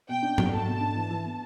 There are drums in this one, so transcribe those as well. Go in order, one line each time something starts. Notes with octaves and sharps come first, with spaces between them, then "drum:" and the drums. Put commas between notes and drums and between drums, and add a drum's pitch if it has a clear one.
B2 G5
D4
F#3, drum: tom G#2
A3 A5
B2
D4
E3
E3
B3